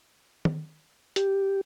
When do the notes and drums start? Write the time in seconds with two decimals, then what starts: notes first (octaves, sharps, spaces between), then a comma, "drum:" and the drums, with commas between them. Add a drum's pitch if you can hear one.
0.45 drum: tom
1.16 G4, drum: hi-hat